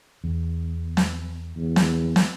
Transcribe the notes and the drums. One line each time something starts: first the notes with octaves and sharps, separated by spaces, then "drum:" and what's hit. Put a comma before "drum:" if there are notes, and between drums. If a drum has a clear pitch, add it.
E2
drum: snare
E2
drum: snare
drum: snare